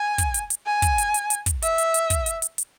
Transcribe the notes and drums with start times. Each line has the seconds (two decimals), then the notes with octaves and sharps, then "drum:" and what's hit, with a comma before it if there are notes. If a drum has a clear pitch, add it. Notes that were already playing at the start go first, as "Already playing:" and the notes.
Already playing: G#5
0.18 drum: kick, hi-hat
0.34 drum: hi-hat
0.50 drum: hi-hat
0.66 G#5
0.82 drum: kick, hi-hat
0.98 drum: hi-hat
1.14 drum: hi-hat
1.30 drum: hi-hat
1.46 drum: kick, hi-hat
1.62 E5, drum: hi-hat
1.78 drum: hi-hat
1.94 drum: hi-hat
2.10 drum: kick, hi-hat
2.26 drum: hi-hat
2.42 drum: hi-hat
2.58 drum: hi-hat